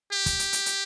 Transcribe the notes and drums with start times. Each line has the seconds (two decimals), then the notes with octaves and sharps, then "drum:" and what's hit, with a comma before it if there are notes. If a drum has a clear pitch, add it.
0.12 G4
0.26 drum: kick, hi-hat
0.39 drum: hi-hat
0.53 drum: hi-hat
0.66 drum: hi-hat